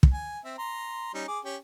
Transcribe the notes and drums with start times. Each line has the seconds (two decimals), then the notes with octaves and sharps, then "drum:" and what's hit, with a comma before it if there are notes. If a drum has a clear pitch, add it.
0.03 drum: kick
0.13 G#5
0.45 C4 E5
0.58 A#5 C6
1.14 G3 C#4 D#4
1.28 G#4 D6
1.45 C#4 G4